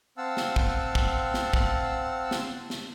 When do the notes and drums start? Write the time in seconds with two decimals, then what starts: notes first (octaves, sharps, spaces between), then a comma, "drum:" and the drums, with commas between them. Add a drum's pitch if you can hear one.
0.17 C4 F5 F#5 A5 E6
0.37 drum: snare
0.56 drum: kick
0.95 drum: kick
1.34 drum: snare
1.53 drum: kick
2.31 drum: snare
2.70 drum: snare